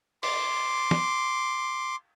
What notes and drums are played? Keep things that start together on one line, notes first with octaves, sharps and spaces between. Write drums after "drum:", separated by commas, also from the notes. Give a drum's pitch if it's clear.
C6 D6, drum: cymbal
drum: snare